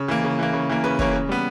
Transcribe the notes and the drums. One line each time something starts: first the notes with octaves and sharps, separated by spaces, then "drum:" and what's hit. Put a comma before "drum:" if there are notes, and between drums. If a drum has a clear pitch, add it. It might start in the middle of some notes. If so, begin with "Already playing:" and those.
Already playing: C#3
E3 A#3
C#3
E3 A#3
C#3
E3 A#3
C#3 B4
E3 A#3 C#5, drum: kick
C#3
G3 B3